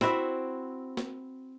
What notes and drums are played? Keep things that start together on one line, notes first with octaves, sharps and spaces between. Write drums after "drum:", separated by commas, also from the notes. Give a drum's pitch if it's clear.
C4 E4 F#4 E5, drum: snare
drum: snare